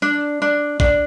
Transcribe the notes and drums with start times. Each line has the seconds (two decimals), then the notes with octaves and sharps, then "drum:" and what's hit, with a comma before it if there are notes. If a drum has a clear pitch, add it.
0.02 D4
0.42 D4
0.80 D4, drum: kick A#1